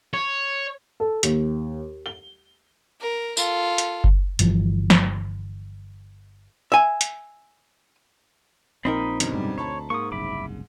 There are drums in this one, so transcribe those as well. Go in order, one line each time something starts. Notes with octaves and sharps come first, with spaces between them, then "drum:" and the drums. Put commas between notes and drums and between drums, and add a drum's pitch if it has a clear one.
C#5
A4
D#2, drum: hi-hat
G7
A#4
F4 A4, drum: tambourine
drum: hi-hat
drum: kick F#1
G1 E3 F3 G3, drum: hi-hat
drum: snare
E5 G#5
drum: hi-hat
A#1 A#2 C4 D#4 A#4 D#5 B5
F#2 B2 D3, drum: hi-hat
G#2 C3 G3
D2 C#5 A5 B5 C#6
G#2 A#3 C#6 D#6
F#1 C2 E5 B5 D6